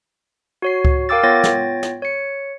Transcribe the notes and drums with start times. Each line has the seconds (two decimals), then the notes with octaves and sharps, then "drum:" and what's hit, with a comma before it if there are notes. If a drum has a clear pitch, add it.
0.62 F#4 C#5 C7
0.85 drum: kick C#2
1.09 A#4 F5 G5 D6 E6 A6
1.23 B3 F4 C#5 G5 A6 A#6
1.43 drum: snare
1.83 drum: snare
2.02 C#5 C#7